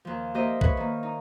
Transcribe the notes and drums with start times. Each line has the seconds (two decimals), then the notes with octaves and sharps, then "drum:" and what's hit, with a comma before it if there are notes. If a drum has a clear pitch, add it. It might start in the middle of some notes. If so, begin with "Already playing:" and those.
0.05 D#2 F3
0.34 A#3 G4 C5 D#5 E5
0.61 B4 C#5, drum: kick B1
0.77 D#3 A#3
1.03 D#4